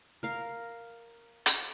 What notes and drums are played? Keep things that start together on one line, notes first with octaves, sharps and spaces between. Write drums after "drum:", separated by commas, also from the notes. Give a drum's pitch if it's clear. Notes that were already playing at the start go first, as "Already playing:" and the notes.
A#4 F5
drum: hi-hat